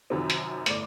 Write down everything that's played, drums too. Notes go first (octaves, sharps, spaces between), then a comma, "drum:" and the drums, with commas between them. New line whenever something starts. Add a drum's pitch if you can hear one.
F#2 C3 D#3 F3 F#3 C4
drum: hi-hat
G1 A2 D5, drum: hi-hat